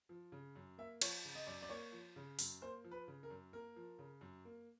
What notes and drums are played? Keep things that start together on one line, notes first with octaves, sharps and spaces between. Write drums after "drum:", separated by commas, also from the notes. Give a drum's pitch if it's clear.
F3
C#3
F#2
A#3 E5
F3 C#5, drum: cymbal
C#3
D#5
F#2 D5
D5
A#3 C#5
F3
C#3
F#2, drum: open hi-hat
A#3 C5
F3
B4
C#3
A#4
F#2
A#3 A#4
F3
C#3
F#2
A#3